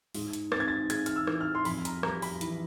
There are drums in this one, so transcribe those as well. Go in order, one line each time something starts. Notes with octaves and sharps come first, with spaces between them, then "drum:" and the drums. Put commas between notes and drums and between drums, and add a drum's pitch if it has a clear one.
G#2, drum: open hi-hat
drum: hi-hat
C4 A6, drum: rim click
G#6
A6
G#3 G#6, drum: hi-hat
F6, drum: hi-hat
E6
E3, drum: rim click
F6
C6
F2 B5, drum: open hi-hat
A#5, drum: hi-hat
G3 A#5, drum: rim click
B5, drum: open hi-hat
E3, drum: hi-hat